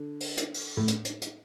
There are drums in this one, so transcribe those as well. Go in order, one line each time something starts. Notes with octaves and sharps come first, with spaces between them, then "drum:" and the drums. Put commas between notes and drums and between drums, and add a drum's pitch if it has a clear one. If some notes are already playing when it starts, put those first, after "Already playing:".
Already playing: D3
drum: open hi-hat
drum: hi-hat
drum: open hi-hat
A2
drum: hi-hat
drum: hi-hat
drum: hi-hat